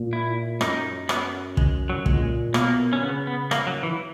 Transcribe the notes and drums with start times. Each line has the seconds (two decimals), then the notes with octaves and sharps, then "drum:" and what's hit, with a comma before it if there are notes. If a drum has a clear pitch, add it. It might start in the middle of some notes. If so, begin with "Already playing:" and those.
Already playing: A#2
0.13 E4
0.61 F#2 D#4, drum: rim click
1.09 B3, drum: rim click
1.57 G#3, drum: kick
1.90 F#3
2.06 A#2 G#3, drum: kick
2.54 B2 A#3, drum: rim click
2.93 C#4
3.02 C#3 B3
3.27 B3
3.51 A#3, drum: rim click
3.67 F#3
3.83 E3